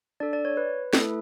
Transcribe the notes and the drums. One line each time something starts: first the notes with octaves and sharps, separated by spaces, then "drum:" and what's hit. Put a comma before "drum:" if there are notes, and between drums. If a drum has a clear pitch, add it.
D4 A4 D5
D5
C#5
B4
A3 E4 A4, drum: snare